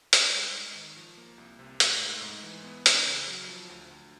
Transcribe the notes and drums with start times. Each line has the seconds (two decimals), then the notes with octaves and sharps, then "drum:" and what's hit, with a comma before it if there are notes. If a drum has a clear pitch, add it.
0.13 G3, drum: hi-hat
0.34 G#2
0.54 G#2
0.75 D#3
0.97 F3
1.17 A#3
1.38 C2
1.59 C3
1.80 A3, drum: hi-hat
2.01 G#2
2.22 G#2
2.43 E3
2.64 B3
2.86 D#4, drum: hi-hat
3.07 C#3
3.28 F#3
3.49 F3
3.69 D2
3.91 D2